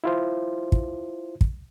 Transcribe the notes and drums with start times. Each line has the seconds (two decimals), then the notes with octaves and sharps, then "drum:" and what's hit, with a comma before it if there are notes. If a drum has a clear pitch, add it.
0.04 E4 F4 C5
0.72 drum: kick
1.41 drum: kick